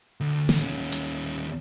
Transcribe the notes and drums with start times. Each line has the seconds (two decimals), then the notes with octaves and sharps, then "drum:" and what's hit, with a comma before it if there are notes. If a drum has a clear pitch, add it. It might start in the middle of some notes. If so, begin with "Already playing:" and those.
0.20 D2
0.49 drum: snare
0.60 D#2 C#4
0.92 drum: hi-hat